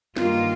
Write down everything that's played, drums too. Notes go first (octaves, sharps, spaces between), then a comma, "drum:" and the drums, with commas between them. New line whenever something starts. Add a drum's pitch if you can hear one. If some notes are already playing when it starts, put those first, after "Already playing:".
G2 D#3 A#3 F4, drum: snare